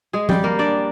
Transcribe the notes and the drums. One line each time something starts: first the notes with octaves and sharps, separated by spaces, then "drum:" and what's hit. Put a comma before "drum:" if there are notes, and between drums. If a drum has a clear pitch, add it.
G#3 G#4
G3 G4, drum: tom F3
A#3 A#4
D4 D5